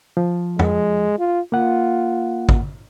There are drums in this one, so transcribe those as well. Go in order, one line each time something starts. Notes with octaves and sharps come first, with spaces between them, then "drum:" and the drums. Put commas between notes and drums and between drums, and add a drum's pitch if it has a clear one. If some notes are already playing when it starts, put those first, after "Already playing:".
F3
G#3, drum: tom
F4
A#3 F4 F#5
drum: kick